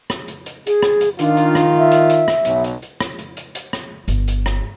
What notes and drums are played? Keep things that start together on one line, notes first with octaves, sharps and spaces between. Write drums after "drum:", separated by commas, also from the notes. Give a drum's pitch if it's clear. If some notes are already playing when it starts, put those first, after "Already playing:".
drum: rim click
drum: hi-hat
drum: hi-hat
G#4, drum: hi-hat
drum: rim click
drum: hi-hat
D#3 D4 F4, drum: hi-hat
drum: hi-hat
drum: rim click
E5
drum: hi-hat
drum: hi-hat
drum: rim click
B1, drum: hi-hat
drum: hi-hat
drum: hi-hat
drum: rim click
drum: hi-hat
drum: hi-hat
drum: hi-hat
drum: rim click
G1, drum: hi-hat
drum: hi-hat
drum: rim click